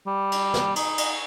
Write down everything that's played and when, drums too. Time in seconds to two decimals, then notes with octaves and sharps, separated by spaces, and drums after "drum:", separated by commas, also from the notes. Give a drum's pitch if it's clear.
0.07 G3
0.32 drum: cymbal
0.54 drum: snare
0.76 D#4, drum: cymbal
0.98 drum: cymbal